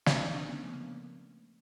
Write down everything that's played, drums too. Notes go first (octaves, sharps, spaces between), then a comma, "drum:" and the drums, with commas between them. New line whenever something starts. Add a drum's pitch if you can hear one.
B1 A#2 G3 C#4 D#4, drum: snare
C4 D4
B3 C#4
C#3 F3 A3 B3
A#3